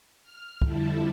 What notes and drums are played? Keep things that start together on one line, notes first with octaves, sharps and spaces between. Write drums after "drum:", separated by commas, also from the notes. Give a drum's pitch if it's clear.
F6
F2 D3 G3 E4 A5, drum: kick